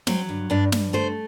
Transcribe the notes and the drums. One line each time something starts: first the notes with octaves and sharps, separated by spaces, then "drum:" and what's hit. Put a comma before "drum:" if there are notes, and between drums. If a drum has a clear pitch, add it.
F#3 C4, drum: snare
G2
G2 D4
G2, drum: snare
A3 C5